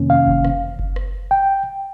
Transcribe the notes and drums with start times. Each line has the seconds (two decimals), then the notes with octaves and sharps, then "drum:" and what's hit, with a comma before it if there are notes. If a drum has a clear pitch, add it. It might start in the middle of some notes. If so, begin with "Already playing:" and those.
Already playing: F2 C3 D#3 A#3 C#4
0.10 F5
0.27 drum: kick F#1
0.45 drum: rim click
0.79 drum: kick F#1
0.96 drum: rim click
1.31 G5